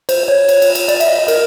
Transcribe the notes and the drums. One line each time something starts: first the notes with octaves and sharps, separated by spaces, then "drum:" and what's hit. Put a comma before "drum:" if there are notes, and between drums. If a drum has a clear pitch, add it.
C5, drum: cymbal
C#5
drum: cymbal
drum: cymbal
drum: cymbal
D5, drum: cymbal
E5, drum: cymbal
D#5
D#5
A#4, drum: cymbal